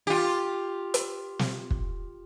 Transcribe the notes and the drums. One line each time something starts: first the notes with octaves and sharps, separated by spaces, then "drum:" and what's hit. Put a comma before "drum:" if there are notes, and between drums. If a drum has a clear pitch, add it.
F4 G4
drum: hi-hat
drum: snare
drum: kick